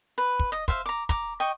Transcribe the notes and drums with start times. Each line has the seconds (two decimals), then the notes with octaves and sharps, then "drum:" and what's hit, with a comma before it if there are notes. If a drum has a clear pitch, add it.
0.18 B4
0.39 drum: kick
0.52 D#5
0.68 C5 E5 F5, drum: kick
0.86 A#5 D6
1.09 A#5 D6, drum: kick
1.40 D#5 G5 C#6